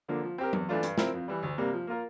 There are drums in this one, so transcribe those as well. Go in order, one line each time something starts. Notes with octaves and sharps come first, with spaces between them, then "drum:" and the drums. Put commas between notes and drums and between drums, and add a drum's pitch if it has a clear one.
D3 F3 A#3
F3
C4 G4 A#4
E2, drum: tom F#3
E3 A3 D4 F4
G2, drum: hi-hat
F3 C4 E4 A#4, drum: snare
F2
E3 G3
D2
C3 G3 A#3
F3
A#3 F4 A#4